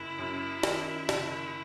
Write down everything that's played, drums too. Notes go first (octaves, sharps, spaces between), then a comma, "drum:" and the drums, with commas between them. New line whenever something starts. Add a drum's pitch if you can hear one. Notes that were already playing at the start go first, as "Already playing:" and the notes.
Already playing: F#1 E4
F#2
D#3, drum: snare
F#1, drum: snare